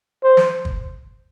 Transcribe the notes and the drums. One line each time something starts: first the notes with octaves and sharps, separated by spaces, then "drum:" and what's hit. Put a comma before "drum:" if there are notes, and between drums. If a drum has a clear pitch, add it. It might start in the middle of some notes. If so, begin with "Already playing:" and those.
C5
drum: snare
drum: kick